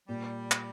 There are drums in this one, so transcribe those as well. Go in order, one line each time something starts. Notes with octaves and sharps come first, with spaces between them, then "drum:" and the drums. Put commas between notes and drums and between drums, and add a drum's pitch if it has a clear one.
A#2 G3
drum: clap